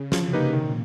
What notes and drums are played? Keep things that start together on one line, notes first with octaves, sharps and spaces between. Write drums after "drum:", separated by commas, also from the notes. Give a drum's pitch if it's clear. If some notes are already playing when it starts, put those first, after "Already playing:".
Already playing: C#3
C3 F3, drum: snare
A#3 D#4 G4 B4
A#2 D#3